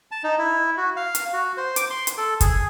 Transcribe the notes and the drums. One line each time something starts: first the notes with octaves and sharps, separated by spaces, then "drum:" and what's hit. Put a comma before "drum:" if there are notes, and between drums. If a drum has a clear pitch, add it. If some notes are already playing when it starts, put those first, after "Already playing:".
A5
D#4
E4
F#4
F5
drum: hi-hat
F#4
C5
D6, drum: hi-hat
C6
drum: hi-hat
A4
G#4, drum: kick, hi-hat